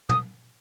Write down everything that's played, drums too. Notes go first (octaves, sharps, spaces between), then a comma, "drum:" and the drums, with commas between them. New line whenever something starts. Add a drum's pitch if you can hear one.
D#6, drum: tom